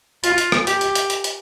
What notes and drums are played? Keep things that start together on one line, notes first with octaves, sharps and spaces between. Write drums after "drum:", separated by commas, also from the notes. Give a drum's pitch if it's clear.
F4, drum: hi-hat
drum: hi-hat
drum: rim click
G4, drum: hi-hat
drum: hi-hat
drum: hi-hat
drum: hi-hat
drum: hi-hat